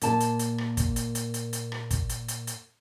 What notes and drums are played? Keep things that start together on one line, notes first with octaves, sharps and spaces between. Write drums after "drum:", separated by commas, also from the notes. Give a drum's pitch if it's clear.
A#2 A5, drum: hi-hat
drum: hi-hat
drum: hi-hat
drum: rim click
drum: kick, hi-hat
drum: hi-hat
drum: hi-hat
drum: hi-hat
drum: hi-hat
drum: rim click
drum: kick, hi-hat
drum: hi-hat
drum: hi-hat
drum: hi-hat